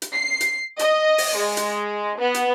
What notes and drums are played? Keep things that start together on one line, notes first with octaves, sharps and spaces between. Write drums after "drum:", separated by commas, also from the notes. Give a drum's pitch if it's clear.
drum: hi-hat
C7
drum: hi-hat
D#5, drum: hi-hat
drum: open hi-hat
G#3
drum: hi-hat
B3
drum: hi-hat